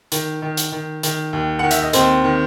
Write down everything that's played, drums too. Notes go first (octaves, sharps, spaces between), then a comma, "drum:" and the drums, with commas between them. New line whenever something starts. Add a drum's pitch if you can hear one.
D#3, drum: hi-hat
D#3
drum: hi-hat
D#3
D#3, drum: hi-hat
D#2
D#3 F#5
E5, drum: hi-hat
D#5
D#2 C4 C5, drum: hi-hat
D#3